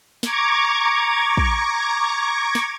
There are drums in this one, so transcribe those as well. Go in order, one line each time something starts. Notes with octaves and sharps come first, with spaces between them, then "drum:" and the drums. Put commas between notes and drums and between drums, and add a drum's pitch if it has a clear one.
A#5 C#6 D6 G#6, drum: snare
drum: kick
drum: snare